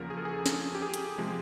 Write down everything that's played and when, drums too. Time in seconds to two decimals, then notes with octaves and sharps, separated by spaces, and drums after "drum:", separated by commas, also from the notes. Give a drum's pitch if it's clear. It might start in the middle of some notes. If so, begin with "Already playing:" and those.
Already playing: E2 C#3 F3 A#3 A#4
0.10 G#4
0.17 A4
0.25 G#4
0.46 G#4, drum: snare
0.75 G4
0.82 G#4
0.94 drum: hi-hat
1.18 C3 F3 G#3